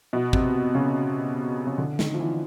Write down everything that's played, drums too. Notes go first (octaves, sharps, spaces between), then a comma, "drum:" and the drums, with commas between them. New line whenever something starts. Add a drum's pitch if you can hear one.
B2
C3, drum: kick
C#3
C#3
D3
D#3, drum: snare
F3
E3